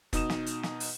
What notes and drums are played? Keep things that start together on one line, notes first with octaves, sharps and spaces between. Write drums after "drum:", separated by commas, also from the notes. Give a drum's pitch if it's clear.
B2 D#4 D#6 E7, drum: kick, hi-hat
drum: snare
drum: hi-hat
drum: snare
drum: open hi-hat